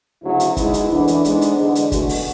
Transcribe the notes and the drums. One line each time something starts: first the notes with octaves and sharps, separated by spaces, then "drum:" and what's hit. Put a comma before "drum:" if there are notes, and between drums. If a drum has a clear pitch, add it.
D2 C#3 F#3 E4
drum: hi-hat
G#2 G#3 B3 E4, drum: kick, hi-hat
drum: hi-hat
F#2 E3 A3 D4
drum: hi-hat
G#2 G#3 B3, drum: hi-hat
drum: hi-hat
E2 D3 G#3
drum: hi-hat
B2 A3 F#4, drum: kick, hi-hat
drum: open hi-hat